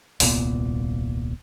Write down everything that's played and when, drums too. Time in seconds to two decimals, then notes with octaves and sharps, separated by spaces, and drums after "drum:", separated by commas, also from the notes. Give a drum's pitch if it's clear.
0.20 D#1 C2 A#2 B3, drum: open hi-hat